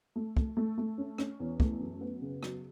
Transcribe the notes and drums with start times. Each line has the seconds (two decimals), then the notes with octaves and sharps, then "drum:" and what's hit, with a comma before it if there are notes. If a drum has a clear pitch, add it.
0.16 A3
0.37 A3, drum: kick
0.57 A3
0.78 A3
0.98 C#4
1.18 C#4, drum: rim click
1.40 E2
1.60 A3, drum: kick
1.80 F#2
2.01 B3
2.22 C#3
2.43 F#3, drum: rim click